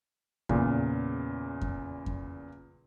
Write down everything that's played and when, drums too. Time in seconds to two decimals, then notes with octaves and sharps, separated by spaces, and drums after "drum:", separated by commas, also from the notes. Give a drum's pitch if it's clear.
0.49 E2 A#2 C#3, drum: kick F2
1.61 drum: kick F2
2.06 drum: kick F2